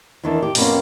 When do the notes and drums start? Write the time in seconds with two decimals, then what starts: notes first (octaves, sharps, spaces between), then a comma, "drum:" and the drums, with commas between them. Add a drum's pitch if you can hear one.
0.23 E2 D#3 E3 D4
0.42 G4
0.55 F2 C3 A#3 B3 C#4 D5, drum: open hi-hat